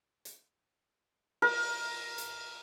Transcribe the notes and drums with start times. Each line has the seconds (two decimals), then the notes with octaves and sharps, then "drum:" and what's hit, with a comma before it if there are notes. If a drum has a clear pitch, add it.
0.25 drum: hi-hat
1.42 A#4, drum: cymbal
2.18 drum: hi-hat